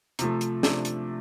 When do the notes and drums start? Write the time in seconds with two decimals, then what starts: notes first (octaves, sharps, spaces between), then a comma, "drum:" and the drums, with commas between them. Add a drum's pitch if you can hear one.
0.19 C3 F3 A3, drum: hi-hat
0.41 drum: hi-hat
0.63 C3 F3 A3 D4, drum: snare
0.85 drum: hi-hat